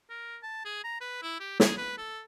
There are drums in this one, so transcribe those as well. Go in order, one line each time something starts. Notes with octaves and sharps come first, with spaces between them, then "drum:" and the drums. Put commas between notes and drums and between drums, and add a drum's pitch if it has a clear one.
A#4
A5
G#4
A#5
B4
E4
G4
G#4, drum: snare
B4
A4